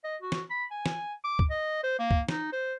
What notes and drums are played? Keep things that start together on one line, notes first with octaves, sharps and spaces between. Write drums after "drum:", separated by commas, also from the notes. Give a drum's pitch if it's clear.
D#5
F#4
drum: snare
B5
G#5
drum: snare
D6
drum: kick
D#5
C5
A#3
drum: kick
D#4, drum: snare
C5